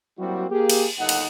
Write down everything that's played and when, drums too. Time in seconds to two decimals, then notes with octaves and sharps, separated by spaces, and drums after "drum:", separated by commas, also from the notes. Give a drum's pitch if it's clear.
0.18 F#3 G3 A#3 C4 E4 F#4
0.50 A#3 G4 G#4
0.70 drum: cymbal
0.98 G1 D#2 D#4 A4 F#5
1.09 drum: cymbal